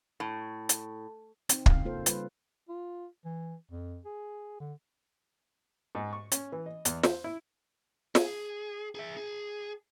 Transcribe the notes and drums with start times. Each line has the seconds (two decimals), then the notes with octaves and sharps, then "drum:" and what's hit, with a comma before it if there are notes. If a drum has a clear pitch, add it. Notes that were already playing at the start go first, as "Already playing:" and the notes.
0.20 A2
0.69 drum: hi-hat
1.49 C4 D#4, drum: hi-hat
1.66 C#3 F5, drum: kick
1.85 A#3 F4 A4 C5
2.06 G3 F4 B4, drum: hi-hat
2.69 F4
3.25 E3
3.71 F2
4.05 G#4
4.60 D3
5.95 G#2
6.13 C#6
6.32 C#4, drum: hi-hat
6.52 E3
6.66 D#5
6.85 E2, drum: hi-hat
7.03 C5, drum: snare
7.24 E4
8.15 G#4, drum: snare
8.95 G#4 E5
9.17 G#4